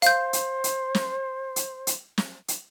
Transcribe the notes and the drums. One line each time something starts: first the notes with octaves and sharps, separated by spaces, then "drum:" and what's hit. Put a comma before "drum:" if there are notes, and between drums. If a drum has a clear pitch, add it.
C5 F5 G6, drum: hi-hat
drum: hi-hat
drum: hi-hat
drum: snare
drum: hi-hat
drum: hi-hat
drum: snare
drum: hi-hat